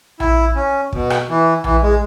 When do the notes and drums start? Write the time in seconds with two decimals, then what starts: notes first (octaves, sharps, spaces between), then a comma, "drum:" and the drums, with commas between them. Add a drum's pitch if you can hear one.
0.20 E4, drum: tom A#1
0.56 C#4
0.93 B2, drum: kick
1.10 drum: rim click
1.29 E3
1.64 E3, drum: tom A#1
1.82 G#3